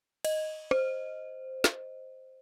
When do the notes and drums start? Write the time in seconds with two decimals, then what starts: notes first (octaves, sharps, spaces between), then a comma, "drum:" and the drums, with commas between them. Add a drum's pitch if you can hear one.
0.25 D#5, drum: cymbal
0.71 C5, drum: rim click
1.64 drum: snare